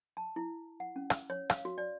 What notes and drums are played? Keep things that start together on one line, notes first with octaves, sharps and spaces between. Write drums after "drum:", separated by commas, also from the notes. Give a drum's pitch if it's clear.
A5
E4
F#5
C#4
drum: rim click
C#5
F5, drum: rim click
F#4
D5